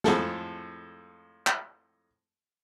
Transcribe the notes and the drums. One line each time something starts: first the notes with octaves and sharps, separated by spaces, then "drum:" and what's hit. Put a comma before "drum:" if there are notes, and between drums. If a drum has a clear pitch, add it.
F2 A2 G#3 A4, drum: snare
drum: clap